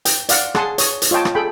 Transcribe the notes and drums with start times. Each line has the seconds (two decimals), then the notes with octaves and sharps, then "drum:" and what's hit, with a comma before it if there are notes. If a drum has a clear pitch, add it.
0.05 G5, drum: hi-hat
0.29 D5 F5 F#5, drum: hi-hat
0.55 G#4 F#5 A5 C6 D#6, drum: rim click
0.78 C#5 D#6, drum: hi-hat
1.02 drum: hi-hat
1.11 F4 C#5 D#5 G5 A5
1.25 drum: rim click
1.35 G#4 A4 G5 B5